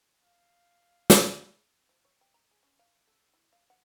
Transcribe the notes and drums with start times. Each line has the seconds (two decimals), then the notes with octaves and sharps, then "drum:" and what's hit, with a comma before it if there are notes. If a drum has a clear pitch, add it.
0.23 F5
1.10 drum: snare
1.89 F3
2.05 C#5
2.21 G5
2.34 A#5
2.51 G#4
2.63 C#4
2.79 F5
3.07 A4
3.34 E4
3.53 F5
3.70 F#5